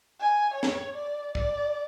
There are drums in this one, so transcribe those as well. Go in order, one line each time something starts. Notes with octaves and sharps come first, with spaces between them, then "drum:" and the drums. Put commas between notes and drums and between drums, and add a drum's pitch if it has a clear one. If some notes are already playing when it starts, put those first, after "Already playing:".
G#5
C#5
drum: snare
D5
D5, drum: kick